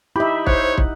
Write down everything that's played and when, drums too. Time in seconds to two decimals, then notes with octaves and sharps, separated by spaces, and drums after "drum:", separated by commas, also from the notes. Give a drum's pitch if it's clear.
0.16 D#4 E4 G4 E5 B5
0.47 C5 C#5 F#5, drum: kick
0.78 drum: kick